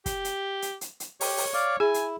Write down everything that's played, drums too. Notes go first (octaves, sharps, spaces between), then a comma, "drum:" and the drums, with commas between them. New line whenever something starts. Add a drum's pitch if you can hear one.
G4, drum: kick, hi-hat
drum: hi-hat
drum: hi-hat
drum: hi-hat
drum: hi-hat
G4 C#5, drum: open hi-hat
drum: open hi-hat
D5 F5 D6
E4 G#4 G#5
drum: hi-hat